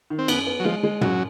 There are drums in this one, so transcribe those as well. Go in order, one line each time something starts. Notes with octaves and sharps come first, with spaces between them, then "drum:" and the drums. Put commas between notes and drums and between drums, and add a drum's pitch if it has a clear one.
D#3
C4
F#2 B3, drum: cymbal
B3
F#3
F3 G#3
G#3
F#2 F#3, drum: tom